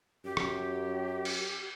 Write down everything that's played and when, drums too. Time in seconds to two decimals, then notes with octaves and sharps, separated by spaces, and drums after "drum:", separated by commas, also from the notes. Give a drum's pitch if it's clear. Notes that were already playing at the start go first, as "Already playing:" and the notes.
0.25 F#2 G4
0.37 drum: rim click
1.25 drum: cymbal